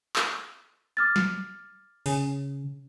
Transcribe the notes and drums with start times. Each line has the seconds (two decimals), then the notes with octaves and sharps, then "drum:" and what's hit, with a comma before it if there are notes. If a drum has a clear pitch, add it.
0.16 drum: clap
0.97 D6 F6 A6
1.16 drum: snare
2.06 C#3, drum: open hi-hat